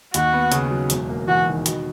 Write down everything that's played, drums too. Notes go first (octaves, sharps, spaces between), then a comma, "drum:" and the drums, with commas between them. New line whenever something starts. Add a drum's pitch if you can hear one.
D#2 F#4, drum: hi-hat
B3
C#3, drum: hi-hat
F#3
E1, drum: hi-hat
A#3
E2 F#4
D#3
B2, drum: hi-hat